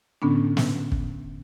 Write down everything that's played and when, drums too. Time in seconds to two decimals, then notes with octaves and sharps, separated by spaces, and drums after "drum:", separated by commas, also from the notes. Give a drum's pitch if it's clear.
0.22 A2 D3 B3 C#4 D4
0.57 drum: snare
0.92 drum: kick